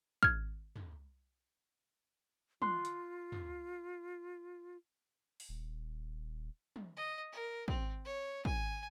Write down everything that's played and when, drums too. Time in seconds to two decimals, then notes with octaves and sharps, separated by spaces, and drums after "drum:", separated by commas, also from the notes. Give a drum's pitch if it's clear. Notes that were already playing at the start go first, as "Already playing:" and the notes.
0.23 F6 G#6, drum: kick
0.76 drum: tom
2.62 F4 C6 F#6, drum: tom
2.85 drum: hi-hat
3.32 drum: tom
5.40 drum: open hi-hat
5.49 D#1
6.76 drum: tom
6.97 D#5
7.32 A#4
7.68 C4, drum: kick
8.05 C#5
8.45 G#5, drum: kick